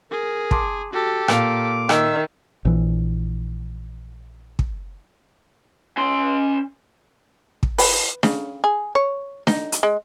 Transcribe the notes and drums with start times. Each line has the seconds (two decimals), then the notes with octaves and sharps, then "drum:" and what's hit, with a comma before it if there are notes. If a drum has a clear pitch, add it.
0.11 G#4 A#4
0.51 A5 C6 D6, drum: kick
0.93 F#4 G4 A4
1.28 A#2 A#3 F5 D6, drum: rim click
1.89 D#3 E5 E6, drum: rim click
2.65 A#1 E3
4.59 drum: kick
5.97 C#4 C6
7.63 drum: kick
7.78 B4, drum: open hi-hat
8.23 C#3, drum: snare D4
8.64 G#4
8.95 C#5
9.47 D#4, drum: snare D4
9.72 drum: hi-hat
9.83 G#3